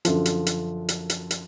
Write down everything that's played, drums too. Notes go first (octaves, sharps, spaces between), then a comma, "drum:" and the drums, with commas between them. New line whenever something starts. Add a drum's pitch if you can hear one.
F#2 D3 F3, drum: hi-hat
drum: hi-hat
drum: hi-hat
drum: hi-hat
drum: hi-hat
drum: hi-hat